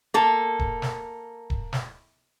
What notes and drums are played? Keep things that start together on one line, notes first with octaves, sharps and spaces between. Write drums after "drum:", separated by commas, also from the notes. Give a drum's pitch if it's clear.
A#3 A4
drum: kick D#1
drum: snare
drum: kick D#1
drum: snare